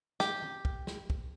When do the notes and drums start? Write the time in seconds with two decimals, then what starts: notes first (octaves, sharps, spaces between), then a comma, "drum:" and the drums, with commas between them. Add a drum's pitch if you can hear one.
0.20 G4, drum: snare
0.42 drum: tom D#3
0.65 drum: kick
0.87 drum: snare
1.10 drum: kick